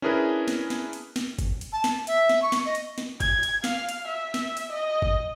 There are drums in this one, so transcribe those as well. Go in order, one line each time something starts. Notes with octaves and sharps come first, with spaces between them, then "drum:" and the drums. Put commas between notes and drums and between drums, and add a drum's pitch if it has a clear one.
C#4 D4 E4 G#4 A#4 B4
drum: snare
drum: snare
drum: hi-hat
drum: snare
drum: kick G1, hi-hat
drum: hi-hat
A5
drum: snare
E5, drum: hi-hat
drum: snare
C#6
drum: snare
D#5
drum: hi-hat
drum: snare
G#6, drum: kick G1, hi-hat
drum: hi-hat
F5, drum: snare
drum: hi-hat
E5
drum: snare
drum: hi-hat
D#5
drum: kick G1